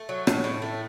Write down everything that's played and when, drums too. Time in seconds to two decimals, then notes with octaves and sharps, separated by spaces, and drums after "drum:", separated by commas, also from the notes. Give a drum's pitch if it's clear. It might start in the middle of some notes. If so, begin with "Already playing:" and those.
Already playing: A3
0.09 F#3
0.27 A2, drum: rim click
0.44 A2
0.62 A3